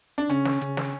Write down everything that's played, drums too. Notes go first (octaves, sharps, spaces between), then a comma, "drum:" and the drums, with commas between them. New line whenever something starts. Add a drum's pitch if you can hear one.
D4
C#3 C#4, drum: hi-hat
drum: snare
C#3, drum: hi-hat
drum: snare